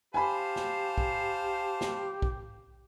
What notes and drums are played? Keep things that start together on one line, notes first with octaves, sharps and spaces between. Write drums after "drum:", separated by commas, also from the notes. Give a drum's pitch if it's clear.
G4 C5 F5 G#5 A5 B5
drum: snare
drum: kick
drum: snare
drum: kick